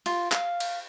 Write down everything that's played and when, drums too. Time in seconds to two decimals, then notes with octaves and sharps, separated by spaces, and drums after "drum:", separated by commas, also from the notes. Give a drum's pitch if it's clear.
0.06 F4, drum: cymbal
0.32 F5, drum: clap
0.60 drum: cymbal